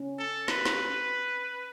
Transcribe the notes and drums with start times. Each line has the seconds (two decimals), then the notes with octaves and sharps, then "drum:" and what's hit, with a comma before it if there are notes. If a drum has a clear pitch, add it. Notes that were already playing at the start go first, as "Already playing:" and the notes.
Already playing: C#4
0.19 A4
0.48 B4, drum: snare
0.65 drum: snare